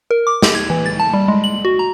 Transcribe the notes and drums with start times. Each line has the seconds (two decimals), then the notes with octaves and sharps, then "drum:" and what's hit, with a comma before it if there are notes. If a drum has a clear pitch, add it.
0.11 A#4
0.27 D6
0.42 G4, drum: snare
0.55 G#6
0.70 E3
0.86 A6
1.00 A5
1.13 G3
1.28 G#3
1.44 F#7
1.65 F#4
1.79 A#5